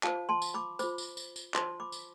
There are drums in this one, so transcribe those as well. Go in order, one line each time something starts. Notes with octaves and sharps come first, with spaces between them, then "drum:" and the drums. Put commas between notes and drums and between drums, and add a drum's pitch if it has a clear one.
F4 C5 F5 A5, drum: clap
A5 C6
drum: tambourine
B5 D6
F4 C5 B5 D6, drum: tambourine
drum: tambourine
drum: tambourine
drum: tambourine
F4 C5 A5 C6, drum: clap
B5 D6
drum: tambourine